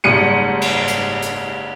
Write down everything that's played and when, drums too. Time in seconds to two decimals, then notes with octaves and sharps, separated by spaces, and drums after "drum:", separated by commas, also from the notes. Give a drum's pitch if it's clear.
0.04 F#1 G#2 G3 C#7 D#7
0.61 drum: cymbal
0.88 drum: hi-hat
1.22 drum: hi-hat